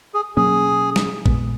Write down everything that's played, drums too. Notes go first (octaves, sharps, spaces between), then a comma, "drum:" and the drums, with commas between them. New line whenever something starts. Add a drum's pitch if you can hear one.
G#4
B2 F#3 A#3 C#4 G#4
drum: snare
A#2 G#3 B3, drum: kick